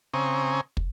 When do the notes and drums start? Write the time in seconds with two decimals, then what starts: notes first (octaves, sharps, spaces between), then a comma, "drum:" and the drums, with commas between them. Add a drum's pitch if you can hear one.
0.14 C#3 C4 G#5 A#5 C#6 D#6
0.77 drum: kick